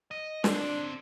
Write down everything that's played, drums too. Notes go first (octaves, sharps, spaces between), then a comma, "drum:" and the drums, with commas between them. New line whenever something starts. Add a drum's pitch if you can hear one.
D#5
D3 C4 D4, drum: snare